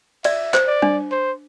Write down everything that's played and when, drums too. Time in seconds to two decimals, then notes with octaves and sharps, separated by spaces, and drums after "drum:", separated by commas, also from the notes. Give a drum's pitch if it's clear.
0.24 D5 E5, drum: cymbal
0.54 C5, drum: clap
0.67 D5
0.82 D4, drum: tom G3
1.12 C5